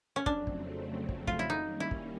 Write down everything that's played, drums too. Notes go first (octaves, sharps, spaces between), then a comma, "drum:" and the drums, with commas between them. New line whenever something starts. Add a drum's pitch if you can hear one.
C#4
F2 C#3 F#3 A3 C4 D4, drum: kick
drum: kick
drum: kick
F4, drum: kick
E4
D#3 G3 A#3 C#4 D#4
E4
drum: kick